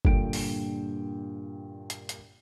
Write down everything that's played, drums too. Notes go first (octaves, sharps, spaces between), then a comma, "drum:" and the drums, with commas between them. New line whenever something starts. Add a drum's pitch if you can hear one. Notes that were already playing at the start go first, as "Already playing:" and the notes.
G2 A#2 D3 A#3 G5 D7, drum: kick G1
drum: open hi-hat
drum: hi-hat
drum: hi-hat